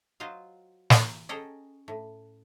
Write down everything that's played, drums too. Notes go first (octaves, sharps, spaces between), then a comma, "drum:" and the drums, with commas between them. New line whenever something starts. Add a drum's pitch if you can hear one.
F#3 F4 C5 D#5 F5
drum: snare
C#4 G#4 A4 D#5 G5 A#5
A2